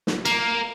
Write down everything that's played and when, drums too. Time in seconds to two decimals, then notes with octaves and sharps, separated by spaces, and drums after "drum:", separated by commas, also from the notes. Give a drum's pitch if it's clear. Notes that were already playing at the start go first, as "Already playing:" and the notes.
0.07 drum: snare
0.25 A#3, drum: cymbal